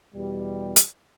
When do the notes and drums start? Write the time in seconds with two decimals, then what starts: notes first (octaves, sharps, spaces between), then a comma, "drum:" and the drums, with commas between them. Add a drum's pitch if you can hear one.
0.14 E2 B2 G3
0.76 drum: hi-hat